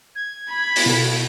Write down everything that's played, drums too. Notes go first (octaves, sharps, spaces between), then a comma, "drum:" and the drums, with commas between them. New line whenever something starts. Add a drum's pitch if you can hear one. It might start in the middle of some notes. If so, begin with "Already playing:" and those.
G#6
B5
drum: open hi-hat
B2 F#4 A4